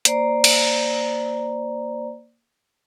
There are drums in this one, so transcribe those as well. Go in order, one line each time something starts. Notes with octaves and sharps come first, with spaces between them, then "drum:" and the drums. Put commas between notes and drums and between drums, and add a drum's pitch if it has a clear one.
A#3 C5 D5 A#5, drum: hi-hat
drum: cymbal